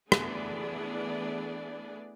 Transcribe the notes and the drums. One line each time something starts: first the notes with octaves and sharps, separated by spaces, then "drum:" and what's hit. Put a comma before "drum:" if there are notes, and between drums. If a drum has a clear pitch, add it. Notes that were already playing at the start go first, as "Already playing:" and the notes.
E3 A3 B3 D4 G#4 D5, drum: rim click